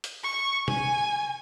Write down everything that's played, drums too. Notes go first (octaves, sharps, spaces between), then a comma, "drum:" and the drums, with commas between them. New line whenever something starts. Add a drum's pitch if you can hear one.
drum: hi-hat
C#6
G#5, drum: tom C3